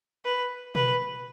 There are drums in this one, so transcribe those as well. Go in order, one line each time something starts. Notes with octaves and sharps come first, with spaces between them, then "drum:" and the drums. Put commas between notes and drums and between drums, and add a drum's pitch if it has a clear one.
B4
B4, drum: tom B2